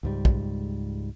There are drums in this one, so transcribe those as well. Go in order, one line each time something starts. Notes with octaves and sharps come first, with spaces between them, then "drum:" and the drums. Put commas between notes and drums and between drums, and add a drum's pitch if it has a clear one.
C#2 G#2 G3
drum: kick